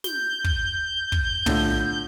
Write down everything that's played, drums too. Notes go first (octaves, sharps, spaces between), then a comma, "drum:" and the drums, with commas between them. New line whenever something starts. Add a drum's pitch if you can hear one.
G6, drum: snare
drum: kick
drum: kick
A2 D3 F4, drum: tom